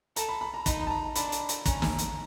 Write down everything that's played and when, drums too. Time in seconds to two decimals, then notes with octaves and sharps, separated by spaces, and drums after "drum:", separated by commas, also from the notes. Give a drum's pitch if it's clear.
0.16 A4 A#5, drum: hi-hat
0.28 B5
0.41 B5
0.54 A#5
0.66 D#4 B5, drum: kick, hi-hat
0.87 A5
0.91 A#5
1.16 D4 B5, drum: hi-hat
1.32 drum: hi-hat
1.49 drum: hi-hat
1.66 C#4 A#5, drum: kick, hi-hat
1.82 drum: snare
1.99 drum: hi-hat